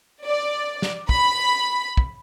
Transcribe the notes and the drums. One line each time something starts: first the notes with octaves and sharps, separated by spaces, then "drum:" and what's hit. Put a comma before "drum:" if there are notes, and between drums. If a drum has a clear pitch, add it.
D5
drum: snare
B5, drum: kick
drum: kick